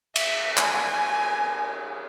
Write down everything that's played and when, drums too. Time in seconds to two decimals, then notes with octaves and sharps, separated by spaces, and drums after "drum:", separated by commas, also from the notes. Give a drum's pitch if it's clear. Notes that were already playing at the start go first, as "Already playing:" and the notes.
0.16 E5, drum: cymbal
0.57 G#5, drum: clap